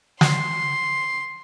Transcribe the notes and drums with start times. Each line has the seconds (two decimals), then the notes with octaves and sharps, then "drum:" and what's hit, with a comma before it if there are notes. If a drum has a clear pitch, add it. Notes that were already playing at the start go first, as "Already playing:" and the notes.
0.21 C6, drum: snare